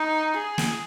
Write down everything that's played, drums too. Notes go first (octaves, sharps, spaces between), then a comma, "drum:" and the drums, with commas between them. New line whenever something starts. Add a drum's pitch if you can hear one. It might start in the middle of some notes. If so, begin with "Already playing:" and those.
Already playing: D#4
G#4
drum: snare